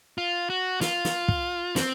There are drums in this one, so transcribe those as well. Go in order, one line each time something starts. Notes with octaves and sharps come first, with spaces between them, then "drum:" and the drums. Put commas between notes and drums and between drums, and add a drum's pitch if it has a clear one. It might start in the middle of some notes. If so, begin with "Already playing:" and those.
F4
F#4
F4, drum: snare
drum: snare
drum: kick
C4, drum: snare